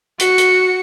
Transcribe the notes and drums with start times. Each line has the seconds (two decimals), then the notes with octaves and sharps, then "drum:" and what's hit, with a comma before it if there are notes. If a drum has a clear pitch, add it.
0.19 F#4 C#7, drum: hi-hat
0.38 drum: hi-hat